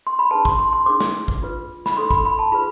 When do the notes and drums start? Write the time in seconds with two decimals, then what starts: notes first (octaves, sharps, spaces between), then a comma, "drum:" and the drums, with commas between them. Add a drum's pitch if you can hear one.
0.07 C6
0.19 B5
0.31 D4 G#4 B4 A5
0.45 C6, drum: kick
0.59 C6
0.73 C6
0.86 D4 G#4 C5 D6
1.01 drum: snare
1.28 drum: kick
1.42 F4 B4
1.86 B5, drum: snare
1.97 D4 A4 C5 C6
2.11 B5, drum: kick
2.25 B5
2.39 A5
2.52 F4 G#4 B4 B5